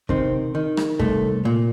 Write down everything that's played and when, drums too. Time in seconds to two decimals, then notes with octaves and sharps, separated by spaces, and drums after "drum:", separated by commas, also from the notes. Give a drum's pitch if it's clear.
0.09 C3 D#3 C4, drum: kick
0.55 D#3
0.77 drum: rim click
1.00 C2 A3, drum: kick
1.45 A#2